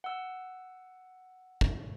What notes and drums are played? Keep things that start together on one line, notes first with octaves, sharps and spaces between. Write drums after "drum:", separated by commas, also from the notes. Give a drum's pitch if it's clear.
F#5 E6
drum: kick